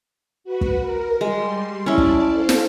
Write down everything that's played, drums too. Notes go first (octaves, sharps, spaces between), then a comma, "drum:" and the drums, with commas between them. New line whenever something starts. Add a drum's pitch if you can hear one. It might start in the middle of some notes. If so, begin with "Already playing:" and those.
F#4 B4
drum: kick
A#4
G3 G#3 C6
C#4 E4 D5 A5
drum: kick
A4 C5 F5
drum: snare